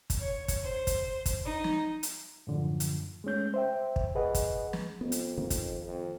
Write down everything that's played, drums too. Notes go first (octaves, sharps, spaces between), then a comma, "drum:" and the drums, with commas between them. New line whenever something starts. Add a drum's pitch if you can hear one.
drum: kick, hi-hat
C#5
drum: kick, hi-hat
C5
drum: kick, hi-hat
drum: kick, hi-hat
D#4
drum: snare
drum: hi-hat
F#2 A2 D3 F3
drum: hi-hat
G#3 A3 C#4 G6
C5 E5 G5
drum: kick
G#4 B4 D#5 F#5
drum: kick, hi-hat
drum: snare
F2 B3
drum: hi-hat
D#3 A#3 C4
drum: kick, hi-hat
F2